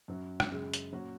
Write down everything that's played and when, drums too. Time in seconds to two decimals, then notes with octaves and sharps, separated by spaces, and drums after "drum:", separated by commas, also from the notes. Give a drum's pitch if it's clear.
0.08 F#2 F#3 C#4
0.40 drum: rim click
0.50 F#2 C#3 G#3
0.74 drum: hi-hat
0.93 A#2 F#3 C#4 F#4